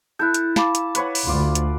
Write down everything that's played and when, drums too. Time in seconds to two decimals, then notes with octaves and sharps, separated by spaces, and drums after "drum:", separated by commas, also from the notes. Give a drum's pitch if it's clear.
0.19 E4 A4 F#6 G6
0.34 drum: hi-hat
0.56 F5 A5 B5 D6, drum: snare
0.75 drum: hi-hat
0.95 B4 C#5 F#5, drum: hi-hat
1.15 drum: open hi-hat
1.27 D2 F4 D5
1.55 drum: hi-hat